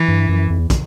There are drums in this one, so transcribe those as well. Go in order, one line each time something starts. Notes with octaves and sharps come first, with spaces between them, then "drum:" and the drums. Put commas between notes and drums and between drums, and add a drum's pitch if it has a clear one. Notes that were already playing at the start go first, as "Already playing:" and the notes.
Already playing: E3
G2
F#2
F2
E2
drum: kick, hi-hat